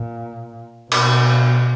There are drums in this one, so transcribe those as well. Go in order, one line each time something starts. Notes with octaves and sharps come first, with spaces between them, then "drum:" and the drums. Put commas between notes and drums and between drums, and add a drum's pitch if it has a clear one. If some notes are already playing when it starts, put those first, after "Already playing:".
Already playing: A#2
B2, drum: cymbal